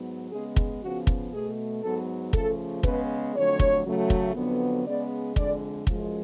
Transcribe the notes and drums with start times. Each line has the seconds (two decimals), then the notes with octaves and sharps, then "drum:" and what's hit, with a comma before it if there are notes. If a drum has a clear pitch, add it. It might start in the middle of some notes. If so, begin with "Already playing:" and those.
Already playing: G#2 F#3 B3
0.31 C#3 G#3 B3 G#4
0.56 drum: kick
0.82 C#3 F3 B3 F#4
1.07 drum: kick
1.32 B2 A3 G#4
1.83 G#2 F#3 B3 A4
2.33 C#3 F3 A3 A4, drum: kick
2.83 C#3 G#3 B3 B4, drum: kick
3.34 F2 D3 F#3 A3 C#5
3.59 drum: kick
3.84 C#3 F#3 A3
4.10 drum: kick
4.35 F2 D3 F#3 B3
4.86 C#3 G#3 B3 D5
5.36 F2 D3 G#3 D5, drum: kick
5.87 F#2 F3 G#3, drum: kick